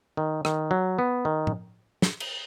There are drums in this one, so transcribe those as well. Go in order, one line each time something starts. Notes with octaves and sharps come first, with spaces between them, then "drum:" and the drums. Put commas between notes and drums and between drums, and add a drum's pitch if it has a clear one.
D#3
D#3, drum: rim click
F#3
B3
D#3
drum: tom A2
drum: snare
drum: cymbal